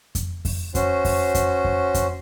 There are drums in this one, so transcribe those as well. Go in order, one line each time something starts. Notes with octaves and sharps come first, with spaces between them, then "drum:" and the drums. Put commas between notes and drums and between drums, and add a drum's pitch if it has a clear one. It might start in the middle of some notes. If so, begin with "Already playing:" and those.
drum: kick F2, hi-hat
drum: kick F2, open hi-hat
C#4 F#4 C5, drum: kick F2, hi-hat
drum: kick F2, open hi-hat
drum: kick F2, hi-hat
drum: kick F2
drum: kick F2, hi-hat